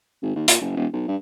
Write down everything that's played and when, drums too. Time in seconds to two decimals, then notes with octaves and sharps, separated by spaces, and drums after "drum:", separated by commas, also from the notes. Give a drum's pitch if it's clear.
0.23 G#1
0.36 D#2
0.48 A#2, drum: hi-hat
0.61 F#1
0.76 E1
0.93 B1
1.08 G2